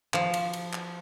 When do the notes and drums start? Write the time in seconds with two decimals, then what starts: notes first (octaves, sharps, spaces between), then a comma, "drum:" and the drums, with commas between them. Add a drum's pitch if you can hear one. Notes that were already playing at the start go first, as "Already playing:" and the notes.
0.14 F3, drum: clap
0.34 drum: cymbal
0.53 drum: cymbal
0.73 drum: clap